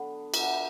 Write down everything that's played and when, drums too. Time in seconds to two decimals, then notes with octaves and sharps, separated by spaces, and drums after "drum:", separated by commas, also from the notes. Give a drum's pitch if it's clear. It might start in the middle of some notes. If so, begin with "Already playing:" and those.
Already playing: D3 F#3 B3 A4
0.34 E3 B3 D4 F#4, drum: cymbal